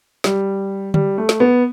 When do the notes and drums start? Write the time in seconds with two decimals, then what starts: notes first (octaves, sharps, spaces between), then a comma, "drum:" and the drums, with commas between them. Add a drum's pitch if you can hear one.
0.24 G3, drum: snare
0.94 G3, drum: tom D3
1.18 A3
1.29 drum: snare
1.40 B3